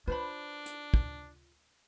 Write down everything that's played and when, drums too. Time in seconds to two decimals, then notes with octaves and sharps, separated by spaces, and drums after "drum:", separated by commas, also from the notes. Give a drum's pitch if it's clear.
0.07 D4 F4 B4 C5 B5
0.66 drum: hi-hat
0.94 drum: kick